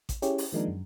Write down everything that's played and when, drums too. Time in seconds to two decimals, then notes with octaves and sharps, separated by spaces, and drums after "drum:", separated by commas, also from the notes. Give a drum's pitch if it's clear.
0.09 drum: kick A1, hi-hat
0.22 C#4 E4 G4 G#4 C#5, drum: hi-hat
0.38 drum: open hi-hat
0.52 D#3 F3 G#3 A#3 D4 D#4
0.68 F#2